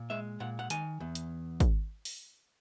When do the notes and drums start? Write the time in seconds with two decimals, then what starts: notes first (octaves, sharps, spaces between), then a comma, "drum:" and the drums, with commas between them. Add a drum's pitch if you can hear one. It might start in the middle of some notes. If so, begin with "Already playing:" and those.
Already playing: A#2
0.10 G#3 E5
0.40 A#2 F#5
0.59 F#5
0.70 D#3 G#5, drum: hi-hat
1.00 E2
1.15 drum: hi-hat
1.60 drum: kick, hi-hat
2.05 drum: open hi-hat